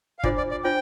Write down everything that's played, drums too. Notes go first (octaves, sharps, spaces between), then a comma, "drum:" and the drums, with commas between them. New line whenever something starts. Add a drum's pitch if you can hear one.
F5
D4 F4 C5 D5, drum: kick
D5
D5
D4 F4 C5 G5